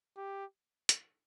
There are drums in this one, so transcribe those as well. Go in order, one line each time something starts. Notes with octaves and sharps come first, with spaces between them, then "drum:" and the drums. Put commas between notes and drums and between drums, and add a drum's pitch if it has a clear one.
G4
drum: hi-hat